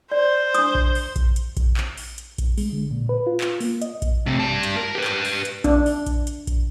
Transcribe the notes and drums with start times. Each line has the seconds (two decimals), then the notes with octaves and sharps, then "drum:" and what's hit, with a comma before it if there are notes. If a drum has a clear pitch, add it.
0.12 C5 D5
0.54 D4 D#6, drum: hi-hat
0.75 drum: kick A#1
0.95 drum: open hi-hat
1.16 drum: kick A#1, hi-hat
1.36 drum: hi-hat
1.57 drum: kick A#1, hi-hat
1.77 drum: clap
1.98 drum: open hi-hat
2.18 drum: hi-hat
2.38 drum: kick A#1, hi-hat
2.58 G#3, drum: open hi-hat
2.73 D3
2.91 A#2
3.09 B4
3.27 F4
3.41 drum: clap
3.61 A#3, drum: open hi-hat
3.82 D#5, drum: hi-hat
4.02 drum: kick A#1, hi-hat
4.26 C3 A3
4.39 G3 A5
4.63 drum: hi-hat
4.77 A#4
4.95 G4 B4
5.04 drum: clap
5.25 drum: open hi-hat
5.45 drum: hi-hat
5.64 D4, drum: kick A#1, hi-hat
5.86 drum: open hi-hat
6.06 drum: kick A#1, hi-hat
6.27 drum: hi-hat
6.47 drum: kick A#1, hi-hat